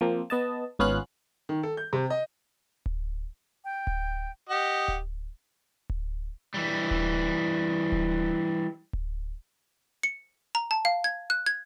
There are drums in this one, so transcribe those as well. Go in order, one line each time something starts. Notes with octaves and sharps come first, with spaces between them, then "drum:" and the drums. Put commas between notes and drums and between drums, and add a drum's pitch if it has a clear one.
F3 A#3 C4
B3 D#5 A5
G#1 B3 C#4 F4 F5 F#6
D#3
A4
G6
C3
D#5
drum: kick D1
G5
drum: kick D1
G4 D#5 F#5
drum: kick D1
drum: kick D1
E3 G3
drum: kick D1
drum: kick D1
drum: kick D1
C#7
A#5
A5
F5
G#6
F#6
G#6